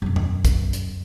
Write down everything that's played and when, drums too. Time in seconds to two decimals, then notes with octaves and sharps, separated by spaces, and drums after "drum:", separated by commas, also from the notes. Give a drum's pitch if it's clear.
0.02 F#2 B2
0.16 drum: tom E2
0.45 drum: kick, hi-hat
0.73 drum: hi-hat